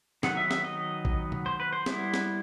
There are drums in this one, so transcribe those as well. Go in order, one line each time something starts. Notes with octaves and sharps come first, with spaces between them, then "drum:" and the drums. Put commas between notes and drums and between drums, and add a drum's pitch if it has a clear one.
D#3 F#3 B3 D#4 F#5, drum: snare
E5
E5, drum: snare
D#5
drum: kick A#1
drum: tom B2
C5
B4
C5
G3 B3 E4, drum: snare
drum: snare